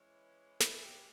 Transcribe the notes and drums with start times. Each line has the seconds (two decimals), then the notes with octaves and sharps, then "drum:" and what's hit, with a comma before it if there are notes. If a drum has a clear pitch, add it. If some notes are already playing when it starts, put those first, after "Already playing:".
Already playing: E3 G#3 C#4
0.60 E4, drum: snare
0.74 G#4
0.83 G4